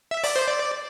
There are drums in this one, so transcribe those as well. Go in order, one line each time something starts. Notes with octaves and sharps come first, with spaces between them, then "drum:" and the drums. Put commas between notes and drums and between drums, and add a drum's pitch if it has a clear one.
E5
D5, drum: open hi-hat
C5
D5